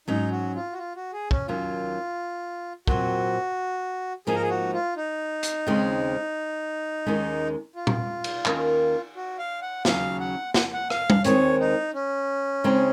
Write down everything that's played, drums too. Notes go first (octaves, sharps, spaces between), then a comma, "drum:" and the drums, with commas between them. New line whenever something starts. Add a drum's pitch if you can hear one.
G#2 F#3 C#4 D#4
F#4
F4
F#4
F4
F#4
G#4
C#4, drum: kick
D#2 D#3 F#3 C#4 F4
A#2 F#3 C4 F#4, drum: kick
G#2 F3 A#3 D#4 G#4
A#4
G#4
F#4
F4
D#4
drum: hi-hat
D#2 C#3 G#3 C4
D#2 D#3 G#3 C#4
F4
drum: tom A#2
drum: cymbal
D#2 D#3 A#3 C#4, drum: clap
F#4
F5
F#5
D#2 C#3 F#3 C#4 F5, drum: snare
F#5
F#5, drum: snare
F#5
F5, drum: rim click
drum: tom G3
D#2 D#3 G#3 C4 C#5, drum: hi-hat
D#4
C#4
C#3 G#3 C4 D#4